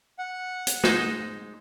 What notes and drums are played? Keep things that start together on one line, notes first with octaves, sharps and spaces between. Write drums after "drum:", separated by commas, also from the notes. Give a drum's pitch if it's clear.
F#5
drum: hi-hat
G#3 D#4 C5, drum: snare